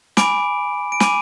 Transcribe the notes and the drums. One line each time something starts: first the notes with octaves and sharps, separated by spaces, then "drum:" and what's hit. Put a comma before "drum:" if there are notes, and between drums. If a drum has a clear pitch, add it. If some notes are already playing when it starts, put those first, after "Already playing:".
G#5 B5 D6 D7, drum: snare
D7
G#5 B5 D6 D#7, drum: snare